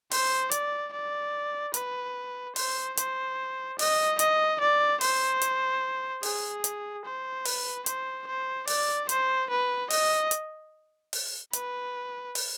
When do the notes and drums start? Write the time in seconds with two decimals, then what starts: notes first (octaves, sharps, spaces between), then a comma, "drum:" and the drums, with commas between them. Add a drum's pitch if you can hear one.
0.11 C5, drum: open hi-hat
0.52 D5, drum: hi-hat
0.93 D5
1.74 B4, drum: hi-hat
2.56 C5, drum: open hi-hat
2.98 C5, drum: hi-hat
3.79 D#5, drum: open hi-hat
4.19 D#5, drum: hi-hat
4.61 D5
5.01 C5, drum: open hi-hat
5.42 drum: hi-hat
6.23 G#4, drum: open hi-hat
6.64 drum: hi-hat
7.05 C5
7.45 B4, drum: open hi-hat
7.86 C5, drum: hi-hat
8.27 C5
8.67 D5, drum: open hi-hat
9.09 C5, drum: hi-hat
9.50 B4
9.90 D#5, drum: open hi-hat
10.31 drum: hi-hat
11.13 drum: open hi-hat
11.53 B4, drum: hi-hat
12.35 drum: open hi-hat